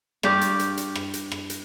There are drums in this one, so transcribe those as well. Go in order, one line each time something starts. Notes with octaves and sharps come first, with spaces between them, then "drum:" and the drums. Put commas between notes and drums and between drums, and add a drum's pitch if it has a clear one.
G2 G4 D5 F5, drum: rim click
drum: hi-hat
drum: hi-hat
drum: hi-hat
drum: rim click
drum: hi-hat
drum: rim click
drum: hi-hat